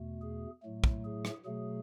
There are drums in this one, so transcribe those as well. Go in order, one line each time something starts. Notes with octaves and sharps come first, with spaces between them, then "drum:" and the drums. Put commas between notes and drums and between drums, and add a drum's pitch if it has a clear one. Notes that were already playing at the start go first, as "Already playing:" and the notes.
Already playing: E2 B2 A3
G#4
A2 F#3 A3
drum: kick
G#4
drum: rim click
B2 F#3 A3 G#4